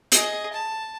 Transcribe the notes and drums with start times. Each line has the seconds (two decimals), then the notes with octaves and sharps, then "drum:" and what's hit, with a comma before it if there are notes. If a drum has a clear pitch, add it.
0.12 G#4 D#5, drum: hi-hat
0.52 A5